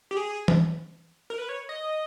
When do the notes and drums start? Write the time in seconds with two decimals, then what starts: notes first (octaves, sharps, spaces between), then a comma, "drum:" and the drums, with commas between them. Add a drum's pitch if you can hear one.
0.11 G4
0.17 G#4
0.48 drum: tom E3
1.30 A#4
1.38 B4
1.49 C#5
1.69 D#5